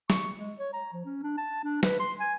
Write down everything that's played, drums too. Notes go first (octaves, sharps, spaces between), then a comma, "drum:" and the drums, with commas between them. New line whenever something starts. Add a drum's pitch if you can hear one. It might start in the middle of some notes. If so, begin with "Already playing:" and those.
C#6, drum: snare
G#3
C#5
A#5
F3
C#4
D4
A5
D4
B4, drum: snare
C6
G#5